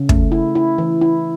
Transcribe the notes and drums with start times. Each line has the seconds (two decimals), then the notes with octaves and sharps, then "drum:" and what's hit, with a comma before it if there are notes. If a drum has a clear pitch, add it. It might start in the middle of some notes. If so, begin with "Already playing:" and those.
Already playing: C#3
0.09 A3, drum: kick
0.32 E4
0.55 E4
0.78 E3
1.01 E4